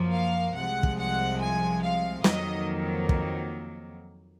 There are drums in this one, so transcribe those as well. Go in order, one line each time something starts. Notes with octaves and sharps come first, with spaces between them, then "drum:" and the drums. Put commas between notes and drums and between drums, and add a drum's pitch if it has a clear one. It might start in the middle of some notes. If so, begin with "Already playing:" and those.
Already playing: F#2 F3 A#3
F5
C2 C3 F3 G#3 F#5
drum: kick
F#5
G#5
F5
F2 D#3 F#3 A#3 D#5, drum: snare
drum: kick